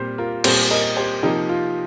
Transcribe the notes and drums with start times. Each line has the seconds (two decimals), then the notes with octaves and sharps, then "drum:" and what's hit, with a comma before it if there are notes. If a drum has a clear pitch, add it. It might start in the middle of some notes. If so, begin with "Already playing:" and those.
Already playing: A#2 G3 C4 G4 C5
0.18 F4 A#4
0.44 A#2 G3 C4 G4 C5, drum: cymbal
0.71 A#4 D#5
0.96 G4 C5
1.23 C3 F3 A#3 D#4 G4
1.49 F4